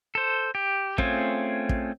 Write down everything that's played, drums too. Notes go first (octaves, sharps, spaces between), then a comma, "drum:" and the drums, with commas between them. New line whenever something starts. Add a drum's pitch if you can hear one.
A4 C5
G4
A3 C4 C#4 F4 G#4, drum: kick
drum: kick